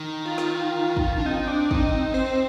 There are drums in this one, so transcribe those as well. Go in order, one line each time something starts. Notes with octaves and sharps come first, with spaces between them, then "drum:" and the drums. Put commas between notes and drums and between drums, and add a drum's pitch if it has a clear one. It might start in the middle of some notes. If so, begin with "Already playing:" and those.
Already playing: D#3
F4
drum: snare
drum: kick
D4
C4 D#4
D4
D#4, drum: kick
D#4
C5